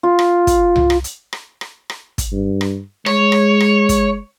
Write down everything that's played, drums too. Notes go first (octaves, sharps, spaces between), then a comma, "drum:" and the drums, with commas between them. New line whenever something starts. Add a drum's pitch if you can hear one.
F4
drum: rim click
drum: kick, hi-hat
drum: tom C2
drum: rim click
drum: hi-hat
drum: rim click
drum: rim click
drum: rim click
drum: kick, hi-hat
G2
drum: rim click
G#3 C#5, drum: rim click
drum: rim click
drum: rim click
drum: kick, hi-hat